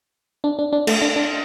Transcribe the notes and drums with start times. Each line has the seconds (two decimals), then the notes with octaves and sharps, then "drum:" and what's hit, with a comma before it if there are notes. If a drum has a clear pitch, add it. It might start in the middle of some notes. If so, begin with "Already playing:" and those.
0.44 D4
0.59 D4
0.73 D4
0.87 A3, drum: cymbal
1.02 D4
1.16 D4